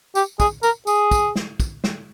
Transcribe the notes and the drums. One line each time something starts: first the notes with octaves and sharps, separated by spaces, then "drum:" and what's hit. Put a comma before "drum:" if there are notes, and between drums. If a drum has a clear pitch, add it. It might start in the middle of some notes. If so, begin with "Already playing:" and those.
G4, drum: tambourine
G#4, drum: kick, tambourine
A#4, drum: tambourine
G#4, drum: tambourine
drum: kick, tambourine
drum: snare
drum: kick, tambourine
drum: snare